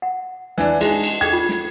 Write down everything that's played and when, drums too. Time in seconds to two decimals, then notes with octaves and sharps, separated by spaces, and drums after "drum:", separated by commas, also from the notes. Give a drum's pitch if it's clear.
0.02 F#5
0.58 E3 D4, drum: snare
0.81 G#3 D#4 E4, drum: cymbal
1.03 drum: cymbal
1.21 G#4 A4 G5 G#6
1.33 F4
1.49 drum: snare